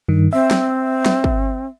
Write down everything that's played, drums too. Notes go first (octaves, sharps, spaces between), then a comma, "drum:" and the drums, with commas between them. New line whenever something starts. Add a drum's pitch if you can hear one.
G2 D#3
C4 E5
drum: snare
drum: snare
drum: kick